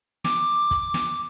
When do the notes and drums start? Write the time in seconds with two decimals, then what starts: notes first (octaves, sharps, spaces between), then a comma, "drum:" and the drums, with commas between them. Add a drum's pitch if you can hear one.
0.24 D6, drum: snare
0.71 drum: kick, hi-hat
0.94 drum: snare